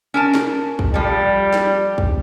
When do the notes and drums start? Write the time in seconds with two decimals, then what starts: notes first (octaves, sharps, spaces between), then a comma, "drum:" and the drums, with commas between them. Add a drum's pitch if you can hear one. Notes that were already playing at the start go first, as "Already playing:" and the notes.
0.14 C#4 A#4 A5
0.34 drum: snare
0.79 drum: kick
0.94 F3 G3 A4
1.53 drum: snare
1.98 drum: kick